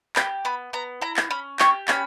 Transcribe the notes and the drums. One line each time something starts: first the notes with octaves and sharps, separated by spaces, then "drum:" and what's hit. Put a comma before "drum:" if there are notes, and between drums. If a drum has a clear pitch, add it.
G4 B5, drum: clap
B3 B5
B3 A#5
E4 A#5
drum: clap
C#4 B5
G4 C#6, drum: clap
C#4 B5, drum: clap